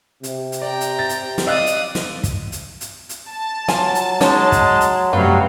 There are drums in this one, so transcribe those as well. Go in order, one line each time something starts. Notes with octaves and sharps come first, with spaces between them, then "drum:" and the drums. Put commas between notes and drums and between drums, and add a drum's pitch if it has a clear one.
C3, drum: hi-hat
drum: hi-hat
D5 G5 A#5
drum: hi-hat
A6
drum: hi-hat
drum: snare
D5 D#5 F5 D#6 E6 F#6 A6
drum: hi-hat
drum: snare
drum: kick, hi-hat
drum: hi-hat
drum: hi-hat
drum: hi-hat
A5
F#3 F4 G#5, drum: snare
drum: hi-hat
G#3 C#4 D#4 C#5, drum: snare
drum: kick, hi-hat
drum: hi-hat
F#2 C3 F#3 G3 A3 B4 F5